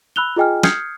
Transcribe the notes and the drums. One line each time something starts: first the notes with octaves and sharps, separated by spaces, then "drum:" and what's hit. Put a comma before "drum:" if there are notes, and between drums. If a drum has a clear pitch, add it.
B5 E6 F#6 F7 G7
F4 G#4 D#5 G5 G#5 F6
D#6 F6 G6 G#6 C7 C#7, drum: snare